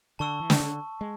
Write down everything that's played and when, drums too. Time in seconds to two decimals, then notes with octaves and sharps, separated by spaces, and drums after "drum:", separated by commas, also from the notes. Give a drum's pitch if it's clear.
0.19 D3 A5 C#6 E6
0.40 E3
0.50 drum: snare
0.60 D3
1.01 G#3